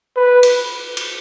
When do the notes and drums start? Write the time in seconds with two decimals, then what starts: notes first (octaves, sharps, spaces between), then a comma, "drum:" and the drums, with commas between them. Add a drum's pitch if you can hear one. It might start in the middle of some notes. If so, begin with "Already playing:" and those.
0.16 B4
0.43 drum: cymbal
0.97 drum: cymbal